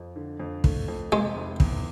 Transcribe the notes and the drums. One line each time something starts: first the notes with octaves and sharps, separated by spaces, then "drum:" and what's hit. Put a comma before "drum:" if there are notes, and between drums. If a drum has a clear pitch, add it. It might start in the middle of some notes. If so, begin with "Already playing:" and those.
Already playing: F2
D3
F2
A3, drum: kick
F2
C3 G#3
F1
E2, drum: kick